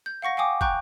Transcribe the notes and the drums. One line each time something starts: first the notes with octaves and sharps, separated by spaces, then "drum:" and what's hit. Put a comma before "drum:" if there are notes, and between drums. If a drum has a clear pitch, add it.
G6
F5 F#5 C#6 A#6
F5 G5 G#5 D6 D#6
G5 A#5 C#6 F#6 G6, drum: kick